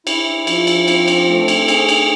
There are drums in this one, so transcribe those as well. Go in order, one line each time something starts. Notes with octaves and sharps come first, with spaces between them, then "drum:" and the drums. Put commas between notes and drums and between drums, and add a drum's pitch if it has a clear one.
E4, drum: cymbal
F3, drum: cymbal
drum: cymbal
C4, drum: cymbal
drum: cymbal
A3
drum: cymbal
G#4, drum: cymbal
drum: cymbal